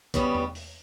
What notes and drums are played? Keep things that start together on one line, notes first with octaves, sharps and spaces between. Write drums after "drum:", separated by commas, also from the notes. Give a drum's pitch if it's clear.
C#3 G3 B3, drum: kick, hi-hat
drum: tom E2
drum: open hi-hat